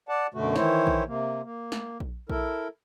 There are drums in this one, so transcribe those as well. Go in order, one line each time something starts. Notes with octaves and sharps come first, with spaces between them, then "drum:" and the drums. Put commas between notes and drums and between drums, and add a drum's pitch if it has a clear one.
D5 F#5 A5
F#2 B2 D3 A3 F#4
D#3 E3 E4 C5 C#5, drum: snare
drum: kick A#1
C3 A#3
A#3
drum: snare
drum: kick A#1
E4 A4 A#4, drum: kick A#1